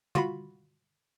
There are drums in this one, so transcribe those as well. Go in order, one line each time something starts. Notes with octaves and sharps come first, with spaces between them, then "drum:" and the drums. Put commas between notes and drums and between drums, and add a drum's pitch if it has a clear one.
F4 F#4 B5, drum: tom